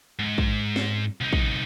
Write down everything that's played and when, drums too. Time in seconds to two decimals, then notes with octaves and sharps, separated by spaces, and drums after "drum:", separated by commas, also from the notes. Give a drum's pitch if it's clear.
0.19 G#2
0.38 drum: kick
0.76 drum: snare
1.21 C2 D#4
1.33 drum: kick